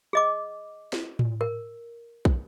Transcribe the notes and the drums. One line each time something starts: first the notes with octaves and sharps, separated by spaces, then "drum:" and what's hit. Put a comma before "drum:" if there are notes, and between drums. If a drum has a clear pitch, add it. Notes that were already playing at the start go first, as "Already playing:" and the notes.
G#4 D#5 D6
drum: snare
drum: tom A2
A#4
drum: kick